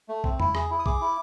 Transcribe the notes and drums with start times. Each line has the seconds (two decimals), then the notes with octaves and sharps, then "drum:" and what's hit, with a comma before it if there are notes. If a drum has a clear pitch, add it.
0.09 A3
0.24 C4, drum: kick
0.40 E4, drum: tom E2
0.55 G#4, drum: rim click
0.71 E4
0.79 D#6
0.86 G#4 D6, drum: kick
1.01 E4